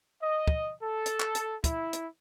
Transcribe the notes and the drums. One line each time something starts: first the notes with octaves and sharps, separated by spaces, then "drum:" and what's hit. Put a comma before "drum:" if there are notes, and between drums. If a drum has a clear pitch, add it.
D#5
drum: kick
A4
drum: hi-hat
drum: clap
drum: hi-hat
E4, drum: kick, hi-hat
drum: hi-hat